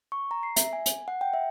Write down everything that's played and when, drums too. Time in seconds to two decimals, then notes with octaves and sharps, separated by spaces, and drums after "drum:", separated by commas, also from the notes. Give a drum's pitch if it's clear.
0.12 C#6
0.31 A#5
0.43 C7
0.56 E5, drum: hi-hat
0.73 G#5
0.86 drum: hi-hat
1.08 F#5
1.21 G5
1.34 E5